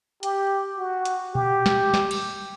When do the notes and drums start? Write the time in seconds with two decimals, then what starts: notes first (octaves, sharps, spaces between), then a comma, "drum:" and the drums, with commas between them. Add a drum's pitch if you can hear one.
0.23 G4, drum: hi-hat
0.78 F#4
1.05 drum: hi-hat
1.35 G4, drum: tom A#2
1.66 drum: snare
1.94 drum: snare
2.11 drum: cymbal